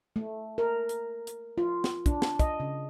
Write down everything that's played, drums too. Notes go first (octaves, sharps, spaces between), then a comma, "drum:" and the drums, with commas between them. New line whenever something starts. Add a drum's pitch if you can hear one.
A3
A#4
drum: hi-hat
drum: hi-hat
F4
drum: snare
D4, drum: kick, hi-hat
drum: snare
D#5, drum: kick, hi-hat
C#3